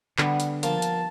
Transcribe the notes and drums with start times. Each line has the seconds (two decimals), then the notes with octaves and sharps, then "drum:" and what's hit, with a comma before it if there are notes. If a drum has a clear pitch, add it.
0.18 D3 G3 B3, drum: clap
0.40 drum: hi-hat
0.63 F3 A#3 A5, drum: hi-hat
0.82 drum: hi-hat